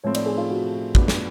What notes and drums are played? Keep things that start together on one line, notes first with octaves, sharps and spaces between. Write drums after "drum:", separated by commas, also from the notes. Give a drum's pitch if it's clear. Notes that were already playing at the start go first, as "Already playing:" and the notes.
A2 F3 A3 C4 C#5
D5, drum: cymbal
G#4
F4
F#4
A2 F#3 B3 D4, drum: kick
drum: snare